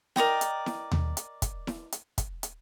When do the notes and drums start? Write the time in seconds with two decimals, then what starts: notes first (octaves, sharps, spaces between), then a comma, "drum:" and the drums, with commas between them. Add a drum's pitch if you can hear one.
0.16 A#4 D5 D#5 G5, drum: snare E4
0.41 drum: hi-hat
0.66 drum: snare E4
0.92 drum: tom D#2
1.17 drum: hi-hat
1.42 drum: kick, hi-hat
1.67 drum: snare E4
1.92 drum: hi-hat
2.18 drum: kick, hi-hat
2.43 drum: hi-hat